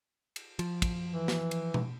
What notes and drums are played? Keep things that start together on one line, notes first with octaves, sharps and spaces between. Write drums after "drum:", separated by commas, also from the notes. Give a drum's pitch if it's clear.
drum: cymbal
F3, drum: cymbal
drum: kick, cymbal
E3
drum: snare
drum: cymbal
drum: tom B2